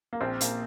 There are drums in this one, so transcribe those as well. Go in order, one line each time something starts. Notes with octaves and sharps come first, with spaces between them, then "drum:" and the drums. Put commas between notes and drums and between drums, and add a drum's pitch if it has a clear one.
A#3
A#1 C4
A#1 A#3, drum: hi-hat